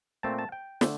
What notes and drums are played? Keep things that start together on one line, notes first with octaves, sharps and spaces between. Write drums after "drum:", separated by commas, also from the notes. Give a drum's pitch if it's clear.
A#2 A3 C4 A5
A5
G5
D3 A3, drum: snare